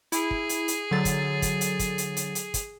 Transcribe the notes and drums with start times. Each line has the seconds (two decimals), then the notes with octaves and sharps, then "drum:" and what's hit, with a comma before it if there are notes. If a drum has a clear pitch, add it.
0.12 E4 G#4, drum: hi-hat
0.31 drum: kick
0.49 drum: hi-hat
0.68 drum: hi-hat
0.91 D3 F#3 A6
1.05 drum: kick, hi-hat
1.42 drum: kick, hi-hat
1.61 drum: hi-hat
1.79 drum: kick, hi-hat
1.98 drum: hi-hat
2.17 drum: hi-hat
2.35 drum: hi-hat
2.54 drum: kick, hi-hat